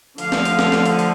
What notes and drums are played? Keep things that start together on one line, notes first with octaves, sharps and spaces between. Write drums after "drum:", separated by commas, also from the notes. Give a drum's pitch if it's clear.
D3 F3 A3 F5, drum: hi-hat
drum: snare
drum: hi-hat
drum: snare
drum: snare
drum: hi-hat
drum: hi-hat